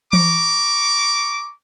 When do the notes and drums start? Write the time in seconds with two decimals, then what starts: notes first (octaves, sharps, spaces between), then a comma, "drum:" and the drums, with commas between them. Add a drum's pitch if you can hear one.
0.13 A#5 C#6 D6, drum: tom E3